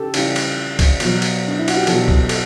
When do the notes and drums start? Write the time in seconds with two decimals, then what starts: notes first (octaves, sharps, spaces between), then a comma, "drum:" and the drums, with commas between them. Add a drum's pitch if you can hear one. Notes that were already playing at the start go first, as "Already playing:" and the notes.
Already playing: C#3 G4 A4
0.14 C#3 E3 G3 G4, drum: cymbal
0.36 drum: cymbal
0.79 drum: kick, cymbal
1.00 B2 F#3, drum: cymbal
1.22 drum: cymbal
1.47 D4
1.58 E4
1.68 F#4, drum: cymbal
1.76 G4
1.87 B2 F#3 A4, drum: cymbal
2.08 drum: kick
2.29 A4, drum: cymbal